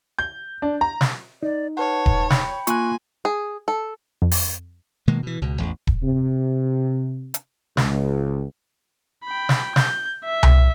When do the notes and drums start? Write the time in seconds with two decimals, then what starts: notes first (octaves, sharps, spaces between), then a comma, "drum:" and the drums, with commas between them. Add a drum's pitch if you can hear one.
0.19 G6
0.62 D4
0.81 A#5
1.01 drum: snare
1.43 D#4 D5
1.77 B4 C#5 F#5 A5
2.06 drum: kick D#1
2.30 G5 B5, drum: snare
2.67 A#3 F4 G#5 C6 C#6 F#6, drum: hi-hat
3.25 G#4
3.68 A4
4.22 F2
4.32 drum: open hi-hat
5.07 B2 D#3 G#3 A#3
5.23 B2 E3
5.42 C#2 B2
5.60 A1 E2
5.87 drum: kick D#1
6.03 C3
7.34 drum: hi-hat
7.77 C#2, drum: snare
9.25 G5 B5
9.49 drum: snare
9.76 G6, drum: snare
10.24 E5
10.43 drum: tom C2